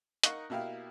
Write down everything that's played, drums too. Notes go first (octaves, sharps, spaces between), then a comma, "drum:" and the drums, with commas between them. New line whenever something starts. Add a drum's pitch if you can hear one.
D#4 A#4 F5 F#5 C#6, drum: hi-hat
B2 A#3 E4 G4 F5